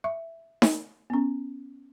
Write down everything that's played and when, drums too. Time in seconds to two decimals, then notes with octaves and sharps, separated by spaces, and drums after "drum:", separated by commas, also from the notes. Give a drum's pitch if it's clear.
0.04 E5
0.62 drum: snare D#4
1.10 B3 C#4